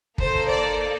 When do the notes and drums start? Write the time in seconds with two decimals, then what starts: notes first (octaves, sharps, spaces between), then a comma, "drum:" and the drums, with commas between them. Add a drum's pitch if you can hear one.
0.18 A#3 D#4 A4 C5, drum: kick
0.48 D5